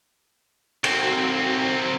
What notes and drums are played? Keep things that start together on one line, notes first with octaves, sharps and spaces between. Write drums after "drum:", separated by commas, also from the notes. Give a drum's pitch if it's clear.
F#3 C4, drum: cymbal